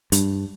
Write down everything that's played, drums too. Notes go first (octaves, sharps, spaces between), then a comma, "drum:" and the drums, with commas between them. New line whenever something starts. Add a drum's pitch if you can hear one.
G2, drum: hi-hat